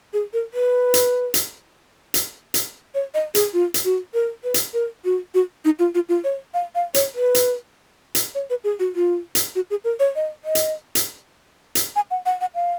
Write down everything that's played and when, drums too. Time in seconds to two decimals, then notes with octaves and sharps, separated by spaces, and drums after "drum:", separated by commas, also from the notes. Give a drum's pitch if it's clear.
0.13 G#4
0.33 A#4
0.54 B4
0.94 drum: hi-hat
1.34 drum: hi-hat
2.14 drum: hi-hat
2.54 drum: hi-hat
2.95 C#5
3.14 D#5
3.35 G#4, drum: hi-hat
3.53 F4
3.74 drum: hi-hat
3.85 F#4
4.14 A#4
4.44 B4
4.54 drum: hi-hat
4.74 A#4
5.05 F#4
5.34 F#4
5.65 D#4
5.79 F4
5.95 F4
6.09 F4
6.24 C#5
6.54 F5
6.75 F5
6.94 C#5, drum: hi-hat
7.15 B4
7.35 drum: hi-hat
8.15 drum: hi-hat
8.35 C#5
8.50 B4
8.64 G#4
8.79 F#4
8.95 F4
9.35 drum: hi-hat
9.55 F#4
9.70 G#4
9.84 A#4
10.00 C#5
10.16 D#5
10.45 D#5
10.55 drum: hi-hat
10.95 drum: hi-hat
11.75 drum: hi-hat
11.96 G#5
12.11 F#5
12.26 F#5
12.41 F#5
12.55 F5